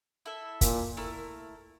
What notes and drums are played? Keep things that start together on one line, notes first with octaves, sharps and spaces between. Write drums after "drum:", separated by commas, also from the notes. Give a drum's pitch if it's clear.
E4 A4 E5
A#2, drum: kick, hi-hat
A3 E4 A#4